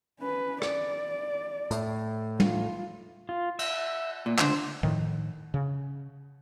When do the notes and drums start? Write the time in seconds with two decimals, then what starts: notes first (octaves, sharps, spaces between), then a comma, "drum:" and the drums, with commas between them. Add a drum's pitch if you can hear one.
0.20 C#4 B4
0.62 D5, drum: rim click
1.71 A2, drum: hi-hat
2.40 F4, drum: tom
3.29 F4
3.59 E5, drum: cymbal
4.26 A#2
4.38 C#2 D3 C5, drum: clap
4.83 A2 D#3 F3
5.54 C#3